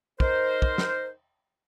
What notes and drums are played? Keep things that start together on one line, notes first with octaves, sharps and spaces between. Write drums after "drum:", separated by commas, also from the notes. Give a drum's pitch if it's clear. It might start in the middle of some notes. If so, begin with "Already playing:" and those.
D#4 A#4 C5, drum: kick
drum: kick
drum: snare